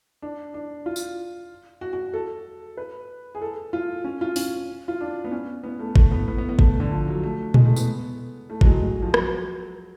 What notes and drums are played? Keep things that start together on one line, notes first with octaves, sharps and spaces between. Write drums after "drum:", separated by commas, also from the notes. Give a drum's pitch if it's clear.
D4
D4
F4
drum: tambourine
F#4
F#4
A4
B4
G#4
A4
F4
C#4
F4
C#4, drum: open hi-hat
F4
D4
B3
C#4
B3
A3
A3, drum: kick
B3
B3
B3
B3
A3, drum: kick
D3
F3
F#3
A3
G#3, drum: tom A#2
A3
B3, drum: tambourine
A3
F#3, drum: kick
G#3
G#3
F3
F#3, drum: rim click